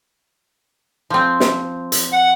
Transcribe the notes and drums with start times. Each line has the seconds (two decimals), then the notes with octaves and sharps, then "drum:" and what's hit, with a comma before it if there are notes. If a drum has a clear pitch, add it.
1.10 F3 C4
1.40 drum: snare
1.92 drum: hi-hat
2.13 F#5